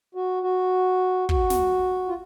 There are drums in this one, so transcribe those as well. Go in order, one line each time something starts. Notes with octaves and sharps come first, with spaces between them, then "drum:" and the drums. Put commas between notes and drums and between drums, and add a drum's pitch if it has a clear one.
F#4
F#4
F#4, drum: kick
drum: snare
F4